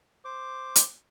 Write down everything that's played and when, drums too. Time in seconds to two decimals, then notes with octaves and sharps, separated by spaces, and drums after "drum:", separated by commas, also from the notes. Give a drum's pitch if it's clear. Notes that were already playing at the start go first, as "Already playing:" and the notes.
0.25 C5 D6
0.76 drum: hi-hat